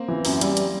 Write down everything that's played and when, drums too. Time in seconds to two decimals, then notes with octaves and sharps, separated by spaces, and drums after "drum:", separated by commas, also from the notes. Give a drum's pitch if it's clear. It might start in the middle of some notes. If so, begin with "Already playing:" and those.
Already playing: A#3 C4
0.08 E3
0.25 F#2, drum: open hi-hat
0.41 G3, drum: hi-hat
0.57 drum: hi-hat